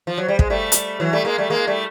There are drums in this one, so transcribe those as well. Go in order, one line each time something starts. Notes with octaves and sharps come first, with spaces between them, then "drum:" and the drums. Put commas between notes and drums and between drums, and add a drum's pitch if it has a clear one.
F3
F#3
G3
G#3, drum: kick
G3 A3
drum: hi-hat
E3 F#3
G3 A3
G#3 A#3
G3 A3
G#3 A#3
G3 A3